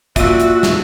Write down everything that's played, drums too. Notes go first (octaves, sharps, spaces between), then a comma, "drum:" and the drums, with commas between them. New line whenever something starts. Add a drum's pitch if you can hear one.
A#2 F#4 E5 E6, drum: kick, hi-hat
drum: hi-hat
drum: snare